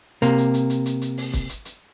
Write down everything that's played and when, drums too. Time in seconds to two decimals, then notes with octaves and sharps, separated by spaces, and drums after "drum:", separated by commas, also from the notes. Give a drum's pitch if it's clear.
0.22 C3 A#3, drum: hi-hat
0.38 drum: hi-hat
0.54 drum: hi-hat
0.70 drum: hi-hat
0.86 drum: hi-hat
1.02 drum: hi-hat
1.18 drum: open hi-hat
1.33 drum: kick, hi-hat
1.49 drum: hi-hat
1.65 drum: hi-hat